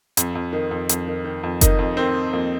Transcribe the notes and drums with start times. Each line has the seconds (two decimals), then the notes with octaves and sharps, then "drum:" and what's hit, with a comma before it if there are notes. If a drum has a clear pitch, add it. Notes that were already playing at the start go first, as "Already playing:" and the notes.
0.17 F2, drum: hi-hat
0.35 F2
0.53 D#3
0.71 F2
0.89 F2, drum: hi-hat
1.08 D#3
1.24 D#3
1.43 F2
1.61 D#3 D#4, drum: kick F#1, hi-hat
1.79 F2
1.97 D#3 C4
2.15 D#3
2.33 F2 A#3